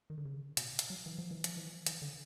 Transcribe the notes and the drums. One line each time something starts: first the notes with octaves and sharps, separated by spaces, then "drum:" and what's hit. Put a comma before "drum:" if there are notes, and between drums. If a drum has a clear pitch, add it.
D#3
D3
C#3
B2, drum: hi-hat
drum: hi-hat
F#3
E3
F3
E3
F3, drum: hi-hat
E3
E3, drum: hi-hat
D3